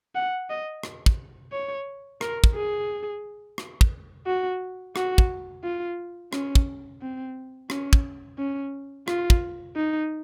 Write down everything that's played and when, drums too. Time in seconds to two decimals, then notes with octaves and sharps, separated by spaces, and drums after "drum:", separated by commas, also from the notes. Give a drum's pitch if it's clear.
0.15 F#5
0.49 D#5
0.83 drum: rim click
1.06 drum: kick
1.52 C#5
2.21 A#4, drum: rim click
2.44 drum: kick
2.55 G#4
3.58 drum: rim click
3.81 drum: kick
4.26 F#4
4.96 F#4, drum: rim click
5.18 drum: kick
5.63 F4
6.33 C#4, drum: rim click
6.55 drum: kick
7.01 C4
7.70 C#4, drum: rim click
7.93 drum: kick
8.38 C#4
9.08 F4, drum: rim click
9.30 drum: kick
9.76 D#4